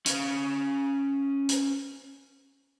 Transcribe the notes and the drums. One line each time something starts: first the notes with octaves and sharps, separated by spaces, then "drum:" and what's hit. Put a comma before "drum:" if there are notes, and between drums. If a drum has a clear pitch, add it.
C#4 F5, drum: hi-hat
drum: hi-hat